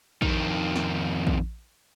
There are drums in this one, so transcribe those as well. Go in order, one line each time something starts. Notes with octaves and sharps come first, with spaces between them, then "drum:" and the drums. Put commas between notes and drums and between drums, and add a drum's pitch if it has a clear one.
F2 D#3, drum: kick
drum: snare
drum: kick